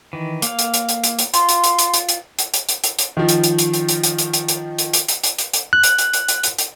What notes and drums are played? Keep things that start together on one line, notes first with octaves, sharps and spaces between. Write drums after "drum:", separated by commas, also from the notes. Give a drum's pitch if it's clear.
D#3 E3
A#3 F5, drum: hi-hat
drum: hi-hat
drum: hi-hat
drum: hi-hat
drum: hi-hat
drum: hi-hat
F4 C6, drum: hi-hat
drum: hi-hat
drum: hi-hat
drum: hi-hat
drum: hi-hat
drum: hi-hat
drum: hi-hat
drum: hi-hat
drum: hi-hat
drum: hi-hat
drum: hi-hat
D#3 F3
drum: hi-hat
drum: hi-hat
drum: hi-hat
drum: hi-hat
drum: hi-hat
drum: hi-hat
drum: hi-hat
drum: hi-hat
drum: hi-hat
drum: hi-hat
drum: hi-hat
drum: hi-hat
drum: hi-hat
drum: hi-hat
drum: hi-hat
F#6
drum: hi-hat
drum: hi-hat
drum: hi-hat
drum: hi-hat
drum: hi-hat
drum: hi-hat